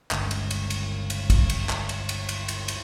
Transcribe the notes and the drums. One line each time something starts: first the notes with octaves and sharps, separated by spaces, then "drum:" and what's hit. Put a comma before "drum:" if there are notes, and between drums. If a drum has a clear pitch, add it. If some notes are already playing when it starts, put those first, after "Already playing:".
G1 C#2, drum: clap
drum: cymbal
drum: cymbal
drum: cymbal
drum: cymbal
drum: kick, cymbal
drum: cymbal
drum: clap
drum: cymbal
drum: cymbal
drum: cymbal
drum: cymbal
drum: cymbal